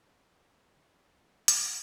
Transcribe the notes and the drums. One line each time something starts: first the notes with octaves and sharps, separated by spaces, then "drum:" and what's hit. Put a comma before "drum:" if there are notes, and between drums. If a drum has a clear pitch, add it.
F4 F#4 D#5 E5 F#5
drum: hi-hat